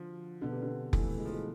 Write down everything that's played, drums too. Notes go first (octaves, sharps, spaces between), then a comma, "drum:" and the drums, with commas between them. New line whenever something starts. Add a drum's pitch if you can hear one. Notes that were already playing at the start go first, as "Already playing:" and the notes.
Already playing: D3 F3
B2 D3 B3 D4 A4
C3
D3
E3 F3 A3 E4 A4, drum: kick F1
G#3
F3
G#3